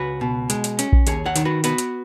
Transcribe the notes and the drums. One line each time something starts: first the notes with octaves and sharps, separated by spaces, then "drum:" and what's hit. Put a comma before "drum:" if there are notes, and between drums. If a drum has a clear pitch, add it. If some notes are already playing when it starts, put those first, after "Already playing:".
Already playing: C#2 F#4 B4
B2
G#3, drum: hi-hat
drum: hi-hat
C#4, drum: hi-hat
drum: kick A#1
D#2 G#4 C#5, drum: hi-hat
C#5 F#5
D#3, drum: hi-hat
F#4 B4
B3 F#4 B4, drum: hi-hat
drum: hi-hat